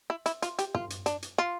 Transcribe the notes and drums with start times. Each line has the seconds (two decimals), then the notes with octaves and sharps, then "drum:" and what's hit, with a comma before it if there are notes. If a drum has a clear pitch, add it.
0.10 E4
0.26 E4, drum: hi-hat
0.42 F4, drum: hi-hat
0.59 G4, drum: hi-hat
0.75 F4, drum: tom
0.90 drum: hi-hat
1.06 D4, drum: hi-hat
1.22 drum: hi-hat
1.38 F4